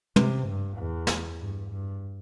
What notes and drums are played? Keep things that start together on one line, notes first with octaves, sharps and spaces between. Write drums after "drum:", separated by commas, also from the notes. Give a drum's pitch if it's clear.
C3, drum: tom
G2
E2
drum: snare
G2
G2